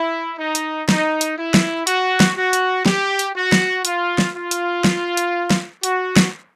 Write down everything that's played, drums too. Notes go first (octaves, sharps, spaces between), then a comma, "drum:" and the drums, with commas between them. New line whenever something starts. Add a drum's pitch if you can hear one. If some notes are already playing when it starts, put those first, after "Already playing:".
Already playing: E4
D#4
drum: hi-hat
D#4, drum: snare
drum: hi-hat
E4
drum: snare
F#4, drum: hi-hat
drum: snare
F#4
drum: hi-hat
G4, drum: snare
drum: hi-hat
F#4
drum: snare
F4, drum: hi-hat
drum: snare
F4
drum: hi-hat
drum: snare
drum: hi-hat
drum: snare
F#4, drum: hi-hat
drum: snare